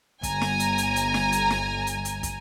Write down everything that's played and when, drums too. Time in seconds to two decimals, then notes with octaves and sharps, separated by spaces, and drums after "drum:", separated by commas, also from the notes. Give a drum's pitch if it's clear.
0.23 G1 G#5 A#5, drum: kick, hi-hat
0.41 drum: snare
0.60 drum: hi-hat
0.78 drum: hi-hat
0.96 drum: hi-hat
1.14 drum: snare
1.32 drum: hi-hat
1.50 drum: snare
1.87 drum: hi-hat
2.05 drum: hi-hat
2.23 drum: kick, hi-hat